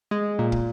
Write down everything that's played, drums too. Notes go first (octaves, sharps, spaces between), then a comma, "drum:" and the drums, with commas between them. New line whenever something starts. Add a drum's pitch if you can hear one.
G#3
A#2
drum: kick